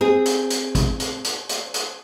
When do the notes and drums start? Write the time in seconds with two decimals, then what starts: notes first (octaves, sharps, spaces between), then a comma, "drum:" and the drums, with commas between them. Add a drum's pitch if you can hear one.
0.01 C4 G#4
0.25 drum: hi-hat
0.50 drum: hi-hat
0.75 drum: kick, hi-hat
1.00 drum: hi-hat
1.24 drum: hi-hat
1.49 drum: hi-hat
1.74 drum: hi-hat